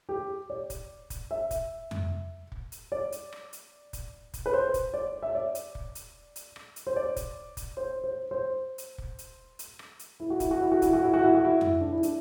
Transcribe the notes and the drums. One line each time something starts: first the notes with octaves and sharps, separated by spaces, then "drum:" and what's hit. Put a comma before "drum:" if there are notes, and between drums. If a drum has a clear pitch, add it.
G4
D5
drum: kick, hi-hat
drum: kick, hi-hat
E5
drum: kick, hi-hat
drum: tom F2
drum: kick
drum: hi-hat
D5
drum: hi-hat
drum: rim click
drum: hi-hat
drum: kick, hi-hat
drum: kick, hi-hat
B4
C5
drum: kick, hi-hat
D5
E5
D5
drum: hi-hat
drum: kick
drum: hi-hat
drum: hi-hat
drum: rim click
drum: hi-hat
C5
D5
drum: kick, hi-hat
drum: kick, hi-hat
C5
C5
C5
drum: hi-hat
drum: kick
drum: hi-hat
drum: hi-hat
drum: rim click
drum: hi-hat
E4
F#4
E4, drum: kick, hi-hat
F#4
E4
F#4
E4, drum: kick, hi-hat
F#4
E4
F#4
E4
F#4
E4
drum: tom F2
D4
E4
D4, drum: hi-hat